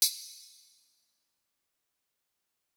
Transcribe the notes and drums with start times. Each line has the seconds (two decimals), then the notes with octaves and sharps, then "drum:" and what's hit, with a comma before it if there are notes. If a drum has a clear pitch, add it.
0.02 drum: tambourine
0.15 A2 C#4 D#4 E4 A4 D6